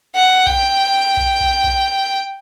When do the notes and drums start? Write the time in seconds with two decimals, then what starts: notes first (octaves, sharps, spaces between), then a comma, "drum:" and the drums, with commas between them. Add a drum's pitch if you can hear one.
0.15 F#5
0.47 G5, drum: kick A#1
1.17 drum: kick A#1
1.41 drum: kick A#1
1.64 drum: kick A#1